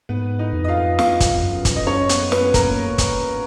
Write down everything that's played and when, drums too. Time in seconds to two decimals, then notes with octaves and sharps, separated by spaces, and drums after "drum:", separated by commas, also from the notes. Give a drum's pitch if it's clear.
0.09 G#2 B3 B4
0.39 D#4 D#5
0.53 F2
0.64 D#5
0.68 F4 F5
0.99 F4 F5, drum: snare
1.20 drum: kick, hi-hat
1.34 F2
1.42 F#2
1.65 drum: kick, hi-hat
1.76 D#5
1.87 C#4 C#5
2.09 B3 B4, drum: hi-hat
2.32 B3 B4, drum: snare
2.54 A#3 A#4, drum: kick, hi-hat
2.98 drum: kick, hi-hat